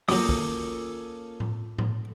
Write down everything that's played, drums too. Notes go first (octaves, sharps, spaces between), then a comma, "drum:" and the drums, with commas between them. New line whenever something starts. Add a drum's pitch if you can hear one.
F#2 F#3 A#3 C#4 F4 A4 D6 D#6, drum: open hi-hat
drum: kick
drum: tom A2
drum: tom A2